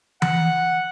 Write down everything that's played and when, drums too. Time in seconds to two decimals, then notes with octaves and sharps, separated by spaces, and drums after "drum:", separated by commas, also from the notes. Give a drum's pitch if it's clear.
0.22 F#5, drum: tom E3